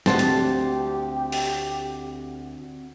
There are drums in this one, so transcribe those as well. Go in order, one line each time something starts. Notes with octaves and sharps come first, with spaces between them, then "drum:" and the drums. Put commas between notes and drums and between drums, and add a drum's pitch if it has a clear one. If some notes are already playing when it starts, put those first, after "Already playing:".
D2 C4 G4 C5 F#5 A5, drum: snare
drum: hi-hat
drum: open hi-hat